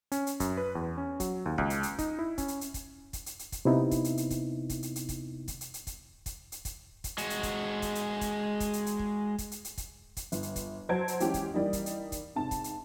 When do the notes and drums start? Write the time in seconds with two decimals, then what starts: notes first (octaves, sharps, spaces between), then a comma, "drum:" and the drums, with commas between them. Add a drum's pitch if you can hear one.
0.12 C#4, drum: hi-hat
0.27 drum: hi-hat
0.40 F#2, drum: kick, hi-hat
0.57 B4
0.75 E2
0.98 C#4
1.20 F#3, drum: kick, hi-hat
1.46 D#2
1.58 C#2, drum: kick
1.70 drum: hi-hat
1.83 drum: hi-hat
1.99 D#4, drum: kick, hi-hat
2.19 E4
2.38 C#4, drum: kick, hi-hat
2.48 drum: hi-hat
2.61 drum: hi-hat
2.74 drum: kick, hi-hat
3.13 drum: kick, hi-hat
3.26 drum: hi-hat
3.39 drum: hi-hat
3.52 drum: kick, hi-hat
3.65 C3 B3 D#4 E4
3.91 drum: kick, hi-hat
4.04 drum: hi-hat
4.17 drum: hi-hat
4.30 drum: kick, hi-hat
4.70 drum: kick, hi-hat
4.83 drum: hi-hat
4.96 drum: hi-hat
5.09 drum: kick, hi-hat
5.48 drum: kick, hi-hat
5.61 drum: hi-hat
5.74 drum: hi-hat
5.87 drum: kick, hi-hat
6.26 drum: kick, hi-hat
6.52 drum: hi-hat
6.65 drum: kick, hi-hat
7.04 drum: kick, hi-hat
7.18 G#3 F#4, drum: hi-hat
7.30 drum: hi-hat
7.43 drum: kick, hi-hat
7.82 drum: kick, hi-hat
7.95 drum: hi-hat
8.21 drum: kick, hi-hat
8.60 drum: kick, hi-hat
8.73 drum: hi-hat
8.86 drum: hi-hat
8.99 drum: kick
9.38 drum: kick, hi-hat
9.51 drum: hi-hat
9.65 drum: hi-hat
9.78 drum: kick, hi-hat
10.17 drum: kick, hi-hat
10.32 G1, drum: hi-hat
10.43 drum: hi-hat
10.56 drum: kick, hi-hat
10.89 F#3 C5 F#5 A5 G#6 D7
11.08 drum: hi-hat
11.20 E3 G#3 C#4 G4, drum: hi-hat
11.34 drum: kick, hi-hat
11.54 E3 G3 A#3 D#4
11.73 drum: kick, hi-hat
11.86 drum: hi-hat
12.12 drum: kick, hi-hat
12.36 G#2 C3 A5
12.51 drum: kick, hi-hat
12.64 drum: hi-hat